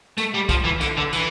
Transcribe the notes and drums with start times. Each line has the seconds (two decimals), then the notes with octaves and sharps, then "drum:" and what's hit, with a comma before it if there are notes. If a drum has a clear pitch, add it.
0.18 A3, drum: tambourine
0.34 G3
0.49 F3, drum: kick, tambourine
0.65 E3
0.81 D3, drum: tambourine
0.97 D3
1.13 E3, drum: tambourine